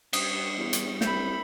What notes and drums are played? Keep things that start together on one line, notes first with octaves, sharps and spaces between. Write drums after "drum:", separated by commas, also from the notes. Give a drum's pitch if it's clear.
G2 D#6, drum: cymbal
E2
drum: hi-hat
C2 E5 B5 G6, drum: snare